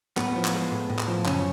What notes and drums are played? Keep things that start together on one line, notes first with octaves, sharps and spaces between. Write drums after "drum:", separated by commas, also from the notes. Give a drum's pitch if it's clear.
A2 B3, drum: clap
F3
drum: clap
G#3
A2
A2
drum: clap
F3
F#2 C#3 C#4, drum: clap